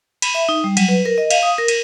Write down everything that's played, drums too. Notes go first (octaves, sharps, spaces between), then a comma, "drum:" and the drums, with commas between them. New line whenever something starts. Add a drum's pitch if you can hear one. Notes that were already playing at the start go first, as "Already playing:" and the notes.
B5, drum: cymbal
E5
D#4
G3
F#3, drum: cymbal
B4
A#4
D#5
F5, drum: cymbal
D#6
A#4
drum: cymbal